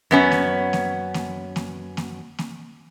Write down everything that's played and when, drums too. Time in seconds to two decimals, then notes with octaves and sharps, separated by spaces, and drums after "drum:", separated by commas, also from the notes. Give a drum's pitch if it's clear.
0.11 F#2 B3 C#4
0.32 drum: snare A#3
0.73 drum: snare A#3
1.14 drum: snare A#3
1.56 drum: snare A#3
1.97 drum: snare A#3
2.39 drum: snare A#3